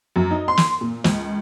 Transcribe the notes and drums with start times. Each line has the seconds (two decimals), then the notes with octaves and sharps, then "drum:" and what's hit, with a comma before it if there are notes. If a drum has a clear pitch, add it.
0.16 F#2
0.31 D#4
0.48 C6
0.57 drum: snare
0.81 A#2
1.04 C#2, drum: snare